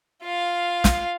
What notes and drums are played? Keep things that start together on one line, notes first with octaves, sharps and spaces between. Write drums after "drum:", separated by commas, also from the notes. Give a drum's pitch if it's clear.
F4 F5
drum: snare